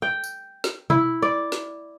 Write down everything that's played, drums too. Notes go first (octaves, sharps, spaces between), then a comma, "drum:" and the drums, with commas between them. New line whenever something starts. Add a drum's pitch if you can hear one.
G5
drum: tambourine
drum: snare
E4, drum: tom B2
D5
drum: snare